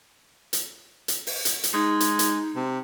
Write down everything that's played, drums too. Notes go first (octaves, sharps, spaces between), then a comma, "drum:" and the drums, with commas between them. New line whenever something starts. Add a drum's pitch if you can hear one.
drum: hi-hat
drum: hi-hat
drum: open hi-hat
drum: hi-hat
drum: hi-hat
G#3 D#4
drum: hi-hat
drum: hi-hat
C3